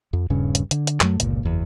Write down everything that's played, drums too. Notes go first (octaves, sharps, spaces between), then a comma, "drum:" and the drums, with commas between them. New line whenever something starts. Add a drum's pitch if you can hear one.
F2
D#1 G2 C#3 C#4
drum: hi-hat
D3, drum: hi-hat
drum: hi-hat
F#2 F#3 A3, drum: clap
G1 C#2 A#2, drum: hi-hat
F#1 E2